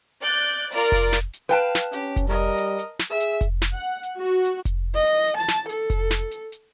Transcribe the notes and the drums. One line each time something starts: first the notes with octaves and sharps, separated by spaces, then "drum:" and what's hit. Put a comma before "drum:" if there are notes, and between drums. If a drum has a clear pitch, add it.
D5 F#6 G6
F4 A#4 D5, drum: hi-hat
drum: kick F1, hi-hat
drum: snare
drum: hi-hat
B4 F5 G5 A5
drum: snare
C#4 G4, drum: hi-hat
drum: kick F1, hi-hat
G3 A#4 D#5
drum: hi-hat
drum: hi-hat
drum: snare
G#4 E5 E6
drum: hi-hat
drum: kick F1, hi-hat
drum: snare
F#5
drum: hi-hat
F#4
drum: hi-hat
drum: kick F1, hi-hat
D#5
drum: hi-hat
drum: hi-hat
A5
drum: snare
A4, drum: hi-hat
drum: kick F1, hi-hat
drum: snare
drum: hi-hat
drum: hi-hat